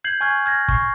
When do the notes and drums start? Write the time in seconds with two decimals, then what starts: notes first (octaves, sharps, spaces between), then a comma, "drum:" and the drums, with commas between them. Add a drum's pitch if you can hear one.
0.04 G6 G#6 C7 F#7
0.21 G#5 C#6 F6 G#6
0.46 F6 G#6 A#6
0.68 C#6 C7, drum: kick